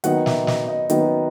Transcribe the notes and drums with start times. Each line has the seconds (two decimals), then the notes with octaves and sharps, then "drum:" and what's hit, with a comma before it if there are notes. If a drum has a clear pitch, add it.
0.04 D#3 F#3 B3 D#4 F#5, drum: hi-hat
0.26 E5, drum: snare
0.47 D#5, drum: snare
0.68 D#5
0.90 D#3 F#3 B3 D#4, drum: hi-hat